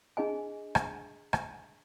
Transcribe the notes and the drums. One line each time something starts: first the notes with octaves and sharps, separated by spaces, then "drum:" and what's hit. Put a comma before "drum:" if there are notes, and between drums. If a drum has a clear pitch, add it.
D4 G#4 D#5 G#5
drum: rim click
drum: rim click